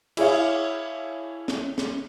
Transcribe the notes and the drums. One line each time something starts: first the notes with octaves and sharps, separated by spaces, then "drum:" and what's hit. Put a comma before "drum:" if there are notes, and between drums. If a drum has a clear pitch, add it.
E4 G#4 C#5 F5, drum: cymbal
drum: snare
drum: snare